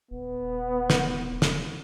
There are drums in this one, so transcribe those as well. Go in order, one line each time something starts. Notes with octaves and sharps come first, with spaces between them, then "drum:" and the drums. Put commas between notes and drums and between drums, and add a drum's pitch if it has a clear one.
D#1 B3
drum: snare
drum: snare